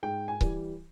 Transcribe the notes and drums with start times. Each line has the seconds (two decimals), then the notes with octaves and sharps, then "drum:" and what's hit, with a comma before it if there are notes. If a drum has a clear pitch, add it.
0.03 G#2 G5
0.28 G#5
0.41 E3 G3, drum: kick C#1